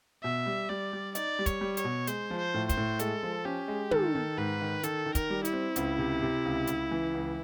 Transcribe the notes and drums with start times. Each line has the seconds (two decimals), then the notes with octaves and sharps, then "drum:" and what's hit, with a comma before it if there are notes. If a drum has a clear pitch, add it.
0.23 B2 E5
0.46 G3
0.69 G3 D5
0.93 G3
1.15 D#4 D5, drum: hi-hat
1.39 G3
1.46 C#5, drum: kick, hi-hat
1.61 G3
1.77 C#5, drum: hi-hat
1.84 B2
2.07 G#3 C5, drum: hi-hat
2.30 F3
2.38 C5
2.54 A2
2.69 C5, drum: kick, hi-hat
2.77 A2
2.99 G#3 A4, drum: hi-hat
3.23 F3
3.45 C#4 G4
3.68 G#3
3.91 D#3 A4, drum: tom
4.15 D#3
4.37 G#2 B4
4.61 D#3
4.83 D#3 A4, drum: hi-hat
5.06 D#3
5.15 A#4, drum: kick, hi-hat
5.30 G3
5.45 E4, drum: hi-hat
5.53 C4
5.76 C#2, drum: hi-hat
5.98 C3
6.22 C3
6.45 C#2
6.67 C#2, drum: hi-hat
6.91 E3
7.14 C#2